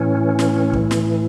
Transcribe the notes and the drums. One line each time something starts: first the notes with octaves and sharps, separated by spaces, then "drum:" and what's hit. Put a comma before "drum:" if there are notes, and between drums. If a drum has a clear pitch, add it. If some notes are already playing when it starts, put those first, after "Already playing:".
Already playing: A2 E3 C#4
drum: snare
drum: kick
drum: snare